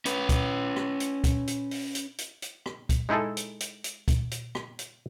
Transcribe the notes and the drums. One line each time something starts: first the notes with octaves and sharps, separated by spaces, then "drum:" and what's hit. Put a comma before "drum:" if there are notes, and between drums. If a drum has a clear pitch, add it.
C#4 B4, drum: hi-hat
drum: kick, hi-hat
drum: rim click
drum: hi-hat
drum: kick, hi-hat
drum: hi-hat
drum: open hi-hat
drum: hi-hat
drum: hi-hat
drum: hi-hat
drum: rim click
drum: kick, hi-hat
G#3 D#4 E4 G#4 A4
drum: hi-hat
drum: hi-hat
drum: hi-hat
drum: kick, hi-hat
drum: hi-hat
drum: rim click
drum: hi-hat